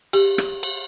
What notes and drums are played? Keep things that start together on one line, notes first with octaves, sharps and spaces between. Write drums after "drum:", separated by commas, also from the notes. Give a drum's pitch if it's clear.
G4, drum: cymbal
drum: rim click
drum: cymbal